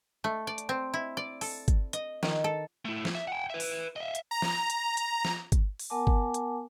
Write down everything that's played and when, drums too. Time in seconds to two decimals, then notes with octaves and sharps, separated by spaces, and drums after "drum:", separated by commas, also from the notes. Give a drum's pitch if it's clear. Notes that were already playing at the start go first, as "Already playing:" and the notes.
0.24 A3
0.47 D5
0.58 drum: hi-hat
0.69 C4
0.94 E4
1.17 D5
1.41 A4, drum: open hi-hat
1.68 drum: kick G1, hi-hat
1.93 D#5, drum: hi-hat
2.23 D#3, drum: snare
2.44 A4
2.85 A3 E4
3.05 drum: snare
3.15 E5
3.28 F#5 G5
3.50 B4 E5
3.60 drum: open hi-hat
3.96 D#5 E5
4.15 drum: hi-hat
4.31 A#5
4.42 drum: snare
4.70 drum: hi-hat
4.97 drum: hi-hat
5.25 drum: snare
5.52 drum: kick G1, hi-hat
5.79 drum: open hi-hat
5.90 B3 A#4 F#5 G#5 A5 D6
6.07 drum: kick G1
6.34 drum: hi-hat